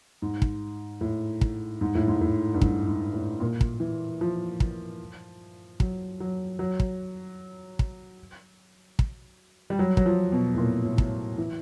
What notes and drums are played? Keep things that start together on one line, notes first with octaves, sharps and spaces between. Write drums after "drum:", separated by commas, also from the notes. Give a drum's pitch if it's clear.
G#2
drum: kick
A2
drum: kick
G#2
A2
G#2
A2
G2
G#2, drum: kick
G#2
A2
A#2
drum: kick
E3
F3
drum: kick
F#3, drum: kick
F#3
F#3
drum: kick
drum: kick
drum: kick
G3
F#3
F#3, drum: kick
F3
B2
A2
A#2
A2
drum: kick
E3